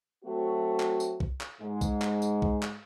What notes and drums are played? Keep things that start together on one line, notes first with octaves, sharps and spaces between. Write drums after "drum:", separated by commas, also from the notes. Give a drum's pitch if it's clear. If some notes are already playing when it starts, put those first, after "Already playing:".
F#3 A3 C4 F#4
drum: clap
drum: tambourine
drum: kick B1
drum: clap
G#2 G#3
drum: kick B1, tambourine
drum: clap
drum: tambourine
drum: kick B1
drum: clap